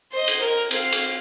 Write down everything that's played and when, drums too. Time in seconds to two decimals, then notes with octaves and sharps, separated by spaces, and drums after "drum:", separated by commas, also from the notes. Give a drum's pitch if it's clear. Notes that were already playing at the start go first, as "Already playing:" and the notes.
0.12 C5 D#5
0.28 drum: cymbal
0.40 A#4
0.71 C4 F5, drum: cymbal
0.92 drum: cymbal